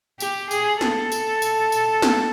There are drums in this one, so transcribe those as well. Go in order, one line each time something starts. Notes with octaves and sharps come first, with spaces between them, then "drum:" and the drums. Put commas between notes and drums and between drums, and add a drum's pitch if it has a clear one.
G4, drum: tambourine
G#4, drum: tambourine
A4, drum: snare
drum: tambourine
drum: tambourine
drum: tambourine
drum: snare